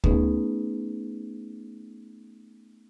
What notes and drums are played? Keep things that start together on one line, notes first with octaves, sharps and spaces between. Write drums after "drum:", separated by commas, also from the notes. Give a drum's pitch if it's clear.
A3 B3 C#4 D#4 G#4 B4, drum: kick D2